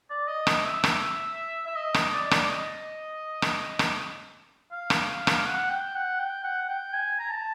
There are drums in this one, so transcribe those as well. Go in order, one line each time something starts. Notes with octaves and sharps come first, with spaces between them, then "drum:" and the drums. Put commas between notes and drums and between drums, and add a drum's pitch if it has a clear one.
D5
D#5
drum: rim click
E5
drum: rim click
E5
D#5
drum: rim click
D#5
D5
drum: rim click
D#5
drum: rim click
drum: rim click
F5
drum: rim click
drum: rim click
F#5
G5
F#5
G5
F#5
G5
G#5
A#5
A5